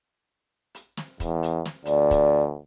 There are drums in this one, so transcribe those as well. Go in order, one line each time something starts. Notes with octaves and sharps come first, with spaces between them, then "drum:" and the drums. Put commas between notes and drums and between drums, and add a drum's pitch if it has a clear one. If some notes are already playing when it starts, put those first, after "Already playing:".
drum: hi-hat
drum: snare
E2, drum: kick, hi-hat
drum: hi-hat
drum: snare
D2 D5, drum: hi-hat
drum: kick, hi-hat